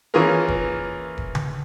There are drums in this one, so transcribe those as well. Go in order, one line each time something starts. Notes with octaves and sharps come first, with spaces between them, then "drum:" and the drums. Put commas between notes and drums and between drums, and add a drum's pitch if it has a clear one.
E3 A#3 C#4 F4 G#4 A#4
drum: kick F1
drum: kick F1
drum: tom C#3